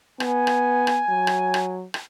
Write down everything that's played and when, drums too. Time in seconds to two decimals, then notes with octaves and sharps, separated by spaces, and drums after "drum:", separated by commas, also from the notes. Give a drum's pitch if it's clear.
0.20 B3 G#5, drum: rim click
0.47 drum: rim click
0.87 drum: rim click
1.09 F#3
1.27 drum: rim click
1.54 drum: rim click
1.94 drum: rim click